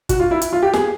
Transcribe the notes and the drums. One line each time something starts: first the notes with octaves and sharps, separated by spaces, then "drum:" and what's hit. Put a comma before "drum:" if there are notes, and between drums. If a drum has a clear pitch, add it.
F#4, drum: kick, hi-hat
F4
E4
drum: hi-hat
F4
G4
G#4, drum: snare